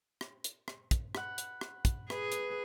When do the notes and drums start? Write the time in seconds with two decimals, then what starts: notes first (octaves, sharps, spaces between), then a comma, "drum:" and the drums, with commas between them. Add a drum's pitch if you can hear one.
0.21 drum: rim click
0.44 drum: hi-hat
0.68 drum: rim click
0.91 drum: kick, hi-hat
1.15 F#5 B5, drum: rim click
1.38 drum: hi-hat
1.61 drum: rim click
1.85 drum: kick, hi-hat
2.10 G#4 B4, drum: rim click
2.32 drum: hi-hat